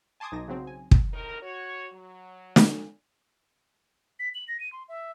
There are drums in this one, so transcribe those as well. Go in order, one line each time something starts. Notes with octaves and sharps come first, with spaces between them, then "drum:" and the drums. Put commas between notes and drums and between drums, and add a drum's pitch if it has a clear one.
G#5 A5 C6 D6 D#6 G#6
B1 D#4 A#6
C#3 F#3 C4
G#5
drum: kick
A2 C3 D#4 A#4
F#4 C#5
F#3
drum: snare
B6
F#7
A#6
D#7
C6
E5